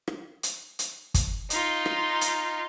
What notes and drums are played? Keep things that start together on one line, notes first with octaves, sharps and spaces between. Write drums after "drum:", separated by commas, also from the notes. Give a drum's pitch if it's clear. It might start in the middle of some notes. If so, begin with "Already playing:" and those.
drum: rim click
drum: hi-hat
drum: hi-hat
drum: kick, hi-hat
D#4 F4, drum: hi-hat
drum: rim click
drum: hi-hat